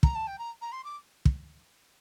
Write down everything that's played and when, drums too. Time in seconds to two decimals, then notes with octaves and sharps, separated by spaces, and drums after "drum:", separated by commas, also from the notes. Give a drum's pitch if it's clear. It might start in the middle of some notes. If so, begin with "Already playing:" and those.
0.03 A#5, drum: kick
0.15 A5
0.27 G5
0.38 A#5
0.61 A#5
0.72 C6
0.84 D6
1.25 drum: kick